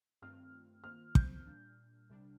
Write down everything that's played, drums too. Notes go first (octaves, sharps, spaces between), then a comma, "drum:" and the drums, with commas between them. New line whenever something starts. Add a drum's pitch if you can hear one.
G2 D#3 A3 C4 F4 F6
D#3 A#3 F4 C5 F6
G6, drum: kick
A#2 G3 D4
C2 C3 G3 D4